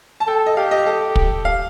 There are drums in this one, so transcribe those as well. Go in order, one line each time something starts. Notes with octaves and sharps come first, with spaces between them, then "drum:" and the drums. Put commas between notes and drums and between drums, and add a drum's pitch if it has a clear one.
A5
A4 G5
D#5
G4 F5
D#5
A4
drum: kick
F5